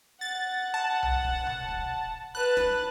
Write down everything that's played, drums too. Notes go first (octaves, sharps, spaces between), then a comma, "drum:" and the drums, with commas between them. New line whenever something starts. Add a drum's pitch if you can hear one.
F#5 A6
A5
drum: tom B1
drum: kick
drum: tom B2
drum: kick
B4 A5 F#6
drum: snare